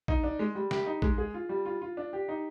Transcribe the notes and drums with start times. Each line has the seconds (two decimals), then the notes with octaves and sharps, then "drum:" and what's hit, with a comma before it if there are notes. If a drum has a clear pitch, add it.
0.08 D#4, drum: kick A#1
0.24 D4
0.39 G#3
0.55 G3
0.71 G4, drum: snare
0.86 D#4
1.02 G#3, drum: kick A#1
1.18 G#4
1.34 F4
1.49 G3
1.65 F4
1.82 F4
1.97 D4
2.13 G4
2.28 D#4